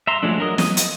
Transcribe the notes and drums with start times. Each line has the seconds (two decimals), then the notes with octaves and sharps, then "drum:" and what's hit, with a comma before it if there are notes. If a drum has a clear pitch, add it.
0.07 E5 A#5 C6
0.23 F3 F#3 G#3 A3 D4
0.38 F#3 A#4 D#5
0.58 D#5 D#6, drum: snare
0.77 drum: hi-hat